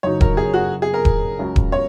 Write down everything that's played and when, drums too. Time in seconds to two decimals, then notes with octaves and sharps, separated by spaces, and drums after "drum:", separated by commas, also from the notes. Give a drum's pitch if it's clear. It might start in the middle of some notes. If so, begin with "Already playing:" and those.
0.03 F#1 F#2 C#3 F#3 D#4 C#5
0.21 A#4, drum: kick D#1
0.37 G#4
0.54 F#4
0.82 G#4
0.94 A#4
1.05 drum: kick D#1
1.39 C#2 C#3 F#3
1.56 drum: kick D#1
1.72 C#5